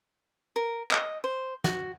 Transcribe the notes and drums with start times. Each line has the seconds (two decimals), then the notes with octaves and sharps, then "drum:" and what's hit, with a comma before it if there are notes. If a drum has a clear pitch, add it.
0.56 A#4
0.91 D#5, drum: clap
1.24 C5
1.64 F#4, drum: snare